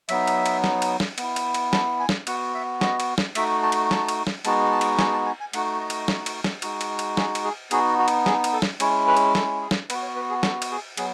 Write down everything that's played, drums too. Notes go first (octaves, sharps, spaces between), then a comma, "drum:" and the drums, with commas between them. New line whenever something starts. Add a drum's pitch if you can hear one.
F#3 B3 D#4 E5, drum: cymbal
drum: cymbal
drum: cymbal
drum: snare
drum: cymbal
drum: snare
B3, drum: cymbal
E4
drum: cymbal
drum: cymbal
A5, drum: snare
G#5
drum: snare
B3 F#4 F#5, drum: cymbal
E5
D#5, drum: snare
drum: cymbal
drum: snare
A3 D#4 F#4 E5, drum: cymbal
A5
drum: cymbal
A5, drum: snare
drum: cymbal
drum: snare
G#3 B3 D#4 F#4 A5, drum: cymbal
A5
drum: cymbal
G#5, drum: snare
A5
G#5
G#5
A3 D#4 F#4 F#5, drum: cymbal
D#5
drum: cymbal
drum: snare
drum: cymbal
drum: snare
G#3 D#4 F#4, drum: cymbal
drum: cymbal
drum: cymbal
G#4, drum: snare
drum: cymbal
G#4
B3 D#4 F#4 G#4, drum: cymbal
F#4
drum: cymbal
G#4, drum: snare
drum: cymbal
A4
drum: snare
G#3 C#4 E4 C#5, drum: cymbal
B4
drum: cymbal
A4, drum: snare
G#4
drum: snare
B3 F#4 B4, drum: cymbal
C#5
B4
G#4
A4, drum: snare
drum: cymbal
G#4
F#3 B3 G#4, drum: cymbal